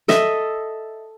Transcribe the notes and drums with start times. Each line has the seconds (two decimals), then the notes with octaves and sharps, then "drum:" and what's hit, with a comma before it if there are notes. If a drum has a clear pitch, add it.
0.08 A4 D#5 E5, drum: snare